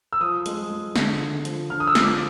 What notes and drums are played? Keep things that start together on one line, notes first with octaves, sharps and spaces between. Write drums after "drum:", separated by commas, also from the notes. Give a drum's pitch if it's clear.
E6
F3 D#6
G#3, drum: hi-hat
G#3
D3, drum: snare
D3
F3, drum: hi-hat
D3 F6
D#6
E6
F3, drum: snare
D6